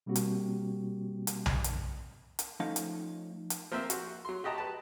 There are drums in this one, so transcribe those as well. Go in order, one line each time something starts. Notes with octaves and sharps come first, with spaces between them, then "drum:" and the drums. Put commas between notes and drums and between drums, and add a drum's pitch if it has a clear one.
B2 G3 A#3 C4 F#4 G4
drum: hi-hat
drum: hi-hat
drum: tom B1
drum: hi-hat
drum: hi-hat
F3 A3 C#4 D#4 F5
drum: hi-hat
drum: hi-hat
F3 A#3 C4 C5 E5
F#4, drum: hi-hat
F#3 C6
F#4 G4 D#5 A5 A#5
B4 A5